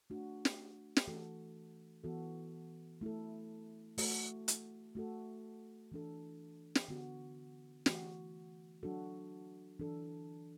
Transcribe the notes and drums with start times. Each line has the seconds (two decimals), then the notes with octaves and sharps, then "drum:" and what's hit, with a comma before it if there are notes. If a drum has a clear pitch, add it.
0.10 A3 D4 F#4
0.45 drum: snare
0.97 drum: snare
1.07 E3 A3 F#4 A4
2.04 E3 B3 F#4 A4
3.01 A3 E4 A4
3.98 A3 F#4 A4, drum: open hi-hat
4.48 drum: hi-hat
4.95 A3 F#4 A4
5.92 E3 D4 A4
6.75 drum: snare
6.88 D3 B3 F#4
7.86 E3 A3 F#4, drum: snare
8.83 F#3 D4 F#4 A4
9.79 E3 D4 A4